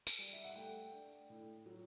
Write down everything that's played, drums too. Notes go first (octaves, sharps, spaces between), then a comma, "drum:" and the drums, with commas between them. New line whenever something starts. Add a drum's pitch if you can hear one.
drum: tambourine
G3
E5
F#5
A3 G5
D4
A2
F#3